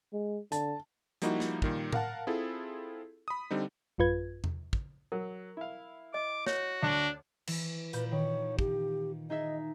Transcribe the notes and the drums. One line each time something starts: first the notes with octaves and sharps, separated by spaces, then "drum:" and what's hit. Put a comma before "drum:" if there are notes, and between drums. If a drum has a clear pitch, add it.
G#3
D3 A5, drum: hi-hat
F3 G3 A#3 D#4 E4 F#4, drum: hi-hat
drum: snare
A#2 D#3 G3, drum: kick
A#4 F5 F#5 A5, drum: tom A2
C4 E4 F4 G#4 A4
B5 D#6
D3 G3 C4 D#4
A1 F#2 F4 B4 G#6
drum: tom E2
drum: kick
F#3 A#4
E4 F5
D#5 D6
F#4 C#5, drum: snare
D2 D4
E3, drum: cymbal
A#2 B4 B5 G6, drum: hi-hat
D#3 C#5
G4, drum: kick
D#4 G#4 D#5 E5